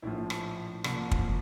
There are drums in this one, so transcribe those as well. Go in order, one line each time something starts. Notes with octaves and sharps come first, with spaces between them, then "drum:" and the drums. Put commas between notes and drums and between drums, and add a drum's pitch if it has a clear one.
A#1 A2 F3 E4
drum: rim click
C2 A#2 F3, drum: rim click
drum: kick